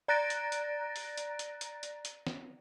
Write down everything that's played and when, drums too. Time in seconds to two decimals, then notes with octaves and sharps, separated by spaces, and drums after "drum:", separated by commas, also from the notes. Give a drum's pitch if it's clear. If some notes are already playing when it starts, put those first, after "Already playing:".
0.08 D5 A#5 F#6 A6 A#6 D7
0.30 drum: hi-hat
0.52 drum: hi-hat
0.96 drum: open hi-hat
1.17 drum: hi-hat
1.39 drum: hi-hat
1.61 drum: hi-hat
1.83 drum: hi-hat
2.05 drum: hi-hat
2.27 drum: snare